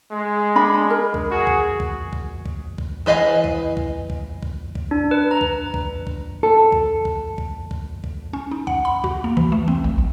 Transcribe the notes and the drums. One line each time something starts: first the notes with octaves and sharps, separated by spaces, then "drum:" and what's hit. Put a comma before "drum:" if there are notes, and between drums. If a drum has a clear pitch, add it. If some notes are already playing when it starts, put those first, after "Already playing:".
G#3
D4 B5
A#4
drum: kick C2
F#4 G#4 G#5
drum: kick C2
drum: kick C2
drum: kick C2
drum: kick C2
drum: kick C2
E3 B4 D#5 F5 G#5
drum: kick C2
drum: kick C2
drum: kick C2
drum: kick C2
drum: kick C2
D4
B4
A#5
drum: kick C2
drum: kick C2
drum: kick C2
A4
drum: kick C2
drum: kick C2
drum: kick C2
drum: kick C2
drum: kick C2
C#4
D#4
F#5, drum: kick C2
B5
F#4, drum: kick C2
A#3
E3, drum: kick C2
A3
C4, drum: kick C2
A#1
B1